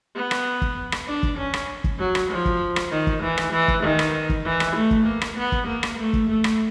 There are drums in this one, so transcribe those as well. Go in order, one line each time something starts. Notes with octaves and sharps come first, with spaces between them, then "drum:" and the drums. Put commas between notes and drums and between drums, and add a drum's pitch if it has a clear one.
B3
drum: rim click
drum: kick
drum: rim click
D4
drum: kick
C#4
drum: rim click
drum: kick
F#3
drum: rim click
F3
drum: kick
drum: rim click
D#3
drum: kick
E3
drum: rim click
E3
drum: kick
D#3
drum: rim click
drum: kick
E3
drum: rim click
A3
drum: kick
A#3
drum: rim click
B3
drum: kick
A#3
drum: rim click
A3
drum: kick
A3
drum: rim click